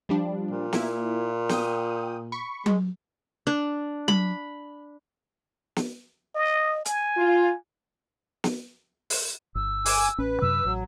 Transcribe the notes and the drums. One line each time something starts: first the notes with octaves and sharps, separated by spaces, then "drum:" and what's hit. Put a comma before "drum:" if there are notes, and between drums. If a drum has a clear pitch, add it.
F3 G3 D4
A#2
A#3 E4, drum: snare
G5 D#6, drum: snare
B5 C#6
G#3, drum: tom F#3
D4
B5, drum: tom F#3
drum: snare
D#5
G#5, drum: hi-hat
F4
drum: snare
drum: open hi-hat
G1 E6
G#5 D6, drum: open hi-hat
A1 C#4 B4
F#2 C3 F#3 E6
A1 F#3